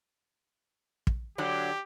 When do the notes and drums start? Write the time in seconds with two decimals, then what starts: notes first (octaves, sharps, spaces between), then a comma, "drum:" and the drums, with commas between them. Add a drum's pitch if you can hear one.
1.07 drum: kick
1.38 D3 F#3 D4 G4